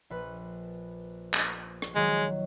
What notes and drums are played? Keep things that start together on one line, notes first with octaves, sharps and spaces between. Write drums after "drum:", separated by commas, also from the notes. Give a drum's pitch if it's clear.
A#1 B4
drum: clap
drum: rim click
D#3 F#3 G#3